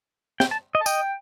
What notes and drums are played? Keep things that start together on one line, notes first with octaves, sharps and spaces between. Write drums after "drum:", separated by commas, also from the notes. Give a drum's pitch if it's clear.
G5, drum: snare
A5
D#5
A5
D#5 G5, drum: tambourine